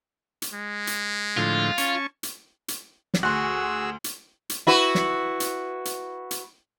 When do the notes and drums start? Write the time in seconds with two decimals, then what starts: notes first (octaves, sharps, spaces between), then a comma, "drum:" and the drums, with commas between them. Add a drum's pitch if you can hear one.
0.42 drum: hi-hat
0.53 G#3
0.87 drum: hi-hat
1.37 A2 D3 F3 F4
1.78 C#4 A5 C#6, drum: hi-hat
2.23 drum: hi-hat
2.68 drum: hi-hat
3.14 drum: snare
3.23 D2 F#4 G#4 C6 E6 F#6
4.04 drum: hi-hat
4.49 drum: hi-hat
4.67 E4 F#4 B4
4.95 drum: snare
5.40 drum: hi-hat
5.85 drum: hi-hat
6.31 drum: hi-hat